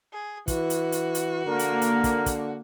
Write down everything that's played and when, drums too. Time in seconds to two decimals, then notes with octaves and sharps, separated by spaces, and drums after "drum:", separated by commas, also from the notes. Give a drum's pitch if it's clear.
0.13 G#4
0.48 E3 F#4, drum: kick, hi-hat
0.70 drum: hi-hat
0.92 drum: hi-hat
1.15 drum: hi-hat
1.46 D3 A#3 A#4
1.59 drum: hi-hat
1.82 drum: hi-hat
2.04 drum: kick, hi-hat
2.26 drum: kick, hi-hat